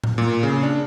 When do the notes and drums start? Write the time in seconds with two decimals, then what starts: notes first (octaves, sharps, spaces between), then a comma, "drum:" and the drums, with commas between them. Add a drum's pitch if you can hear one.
0.04 drum: tom A2
0.18 A#2
0.43 C#3
0.63 D4